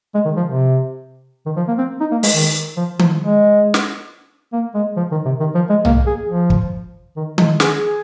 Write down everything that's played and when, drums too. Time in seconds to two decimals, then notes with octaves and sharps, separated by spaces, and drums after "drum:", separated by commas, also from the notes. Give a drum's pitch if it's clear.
0.14 G#3
0.25 D#3
0.37 F3
0.47 C3
1.46 D#3
1.56 F3
1.68 A#3
1.78 C4
2.01 D#4
2.12 A#3
2.23 G#3, drum: open hi-hat
2.34 D#3
2.77 F3
2.99 F3, drum: tom D#3
3.21 G#3
3.74 drum: snare
4.53 A#3
4.75 G#3
4.97 F3
5.12 D#3
5.25 C3
5.40 D#3
5.55 F3
5.70 G#3
5.85 A#3, drum: tom B1
6.07 G#4
6.29 F3
6.50 drum: kick
7.17 D#3
7.38 G#3, drum: tom D#3
7.60 G#4, drum: snare
7.83 G#4